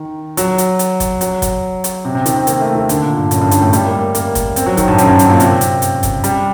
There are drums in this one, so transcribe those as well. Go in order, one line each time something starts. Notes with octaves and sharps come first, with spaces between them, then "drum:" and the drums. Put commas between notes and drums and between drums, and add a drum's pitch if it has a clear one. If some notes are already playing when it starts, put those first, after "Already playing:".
Already playing: D#3
F#3, drum: hi-hat
drum: hi-hat
drum: hi-hat
drum: kick G#1, hi-hat
F#3, drum: hi-hat
drum: kick G#1, hi-hat
drum: hi-hat
C3
C3
D#3, drum: hi-hat
C4
A#3, drum: hi-hat
A3
D#3
D3, drum: hi-hat
A#2
G2
F#2, drum: hi-hat
G2
G2, drum: hi-hat
A2
G3, drum: hi-hat
A#3
A#3
A#3, drum: hi-hat
drum: kick G#1, hi-hat
C4, drum: hi-hat
F#3
D#3, drum: kick G#1, hi-hat
G2
F#2, drum: hi-hat
G2
drum: hi-hat
A#2
C3, drum: hi-hat
drum: hi-hat
drum: hi-hat
drum: kick G#1, hi-hat
G3, drum: hi-hat